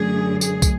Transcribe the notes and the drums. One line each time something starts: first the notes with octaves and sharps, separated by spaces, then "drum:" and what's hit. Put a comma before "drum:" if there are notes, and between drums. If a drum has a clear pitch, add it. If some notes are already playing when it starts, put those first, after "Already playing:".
Already playing: F#2 D3 A3 G#4
G#4, drum: tambourine
drum: kick, tambourine